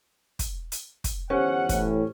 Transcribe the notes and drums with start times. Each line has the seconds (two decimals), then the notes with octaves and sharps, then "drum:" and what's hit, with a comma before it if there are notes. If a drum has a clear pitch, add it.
0.39 drum: kick, hi-hat
0.72 drum: hi-hat
1.04 drum: kick, hi-hat
1.30 G1 E2 C#4 G4 C5 F#5
1.69 A2 E3, drum: kick, hi-hat